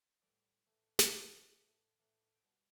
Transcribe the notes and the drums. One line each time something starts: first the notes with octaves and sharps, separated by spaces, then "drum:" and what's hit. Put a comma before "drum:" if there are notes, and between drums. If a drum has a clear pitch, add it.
A2 E3 G3 D5
A2 E3 A3
drum: snare
A2 E3 A3
A2 E3 A3
A2 E3 A3 F#5
G5
B2 G3 F#5